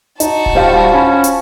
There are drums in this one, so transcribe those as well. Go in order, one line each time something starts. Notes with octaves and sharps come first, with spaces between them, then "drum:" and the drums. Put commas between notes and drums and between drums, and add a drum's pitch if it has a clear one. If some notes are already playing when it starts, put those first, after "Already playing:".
D#4 F#4 A5, drum: hi-hat
drum: kick D1
G3 C5 F5
C#4 B5
drum: hi-hat